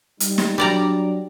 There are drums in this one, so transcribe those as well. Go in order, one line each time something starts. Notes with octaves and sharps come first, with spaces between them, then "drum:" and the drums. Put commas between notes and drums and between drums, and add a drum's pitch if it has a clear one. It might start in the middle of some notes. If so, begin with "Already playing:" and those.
G3 D#4, drum: hi-hat
drum: snare
F#3 G3 D4 D5 A#5